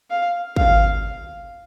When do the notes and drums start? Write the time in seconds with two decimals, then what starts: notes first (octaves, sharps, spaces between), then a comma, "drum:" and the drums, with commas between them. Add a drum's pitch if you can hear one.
0.10 F5
0.56 F5, drum: kick